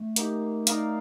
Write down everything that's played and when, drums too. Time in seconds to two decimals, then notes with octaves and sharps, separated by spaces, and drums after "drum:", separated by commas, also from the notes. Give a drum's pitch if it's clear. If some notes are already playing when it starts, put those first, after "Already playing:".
Already playing: A3
0.16 A#3 D#4 G4, drum: hi-hat
0.67 D#4 A#4 D5 F5, drum: hi-hat